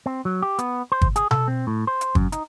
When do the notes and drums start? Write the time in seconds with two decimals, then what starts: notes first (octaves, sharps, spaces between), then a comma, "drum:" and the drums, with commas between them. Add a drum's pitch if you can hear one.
0.06 C4
0.25 F#3
0.42 G4
0.59 B3, drum: hi-hat
0.92 C5
1.02 drum: kick
1.16 G#4, drum: hi-hat
1.31 A4, drum: tom B2
1.48 C4
1.67 A2
1.87 C5
2.01 drum: hi-hat
2.15 F#2, drum: kick
2.32 D#4, drum: hi-hat